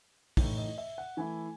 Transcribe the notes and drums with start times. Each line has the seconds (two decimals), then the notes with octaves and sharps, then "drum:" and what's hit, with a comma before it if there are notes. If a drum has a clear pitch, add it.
0.37 A2 E3 A3 D#4, drum: kick, open hi-hat
0.58 D#5
0.78 E5
0.98 F#5
1.17 E3 A3 E4 G#5